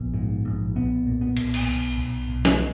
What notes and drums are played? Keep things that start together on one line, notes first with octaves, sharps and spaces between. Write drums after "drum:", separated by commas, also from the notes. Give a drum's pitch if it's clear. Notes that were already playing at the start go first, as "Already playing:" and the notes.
Already playing: A#1 B3
G#2
A#1
B1 B3
A#2
B3
B1, drum: cymbal
drum: cymbal
B1
B1
B1
drum: snare